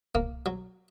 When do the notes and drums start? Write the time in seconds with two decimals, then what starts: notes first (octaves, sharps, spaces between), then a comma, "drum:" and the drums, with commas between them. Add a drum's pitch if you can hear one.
0.15 A#3, drum: kick C2
0.46 F#3